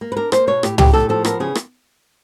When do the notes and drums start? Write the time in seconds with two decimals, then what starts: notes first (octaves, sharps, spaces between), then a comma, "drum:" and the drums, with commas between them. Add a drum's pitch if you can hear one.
0.01 A#3
0.12 B4
0.17 D4 A#4
0.32 A#3 C5, drum: rim click
0.47 B2 C#5
0.63 A2 G4, drum: rim click
0.78 D4 G4, drum: tom
0.93 A2 A4
1.09 F3 A4
1.25 B3 A#4, drum: rim click
1.40 C#3 G#4
1.55 drum: rim click